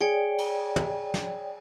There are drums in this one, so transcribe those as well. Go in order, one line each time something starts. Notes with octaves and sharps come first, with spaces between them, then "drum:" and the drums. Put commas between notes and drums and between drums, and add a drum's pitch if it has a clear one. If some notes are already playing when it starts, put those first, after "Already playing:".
G#4 C#5 D5 G5
drum: cymbal
drum: tom
drum: snare